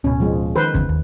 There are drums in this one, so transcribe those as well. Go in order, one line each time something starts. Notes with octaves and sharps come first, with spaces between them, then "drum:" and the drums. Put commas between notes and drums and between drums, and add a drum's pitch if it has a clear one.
D1 B2 C#4
F3 G#3
D#3 B4 C5
E2 C#3, drum: kick F#1
D#2